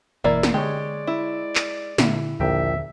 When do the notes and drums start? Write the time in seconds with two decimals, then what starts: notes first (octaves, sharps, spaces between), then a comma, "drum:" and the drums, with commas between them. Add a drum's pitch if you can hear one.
0.24 F#1 B2 E3 A#3 E4 D5
0.43 drum: snare
0.54 D3 G#3 G4 C#5 D5
1.07 E4
1.55 drum: clap
1.98 A#2 D3 E4, drum: snare
2.40 A#1 D#2 D3 E5 G5 A#5